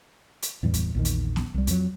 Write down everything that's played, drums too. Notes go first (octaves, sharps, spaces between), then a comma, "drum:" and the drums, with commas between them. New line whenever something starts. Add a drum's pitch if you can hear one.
drum: hi-hat
E2 A2 E3 G3
drum: kick F#2, hi-hat
A#1 E2 D#3
drum: hi-hat
drum: snare B3
C2 G3
F2 F#3, drum: hi-hat